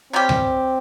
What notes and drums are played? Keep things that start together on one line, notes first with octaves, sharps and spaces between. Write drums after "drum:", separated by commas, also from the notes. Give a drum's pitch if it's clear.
C3 G3 C4 C#4 G4
drum: tom C#2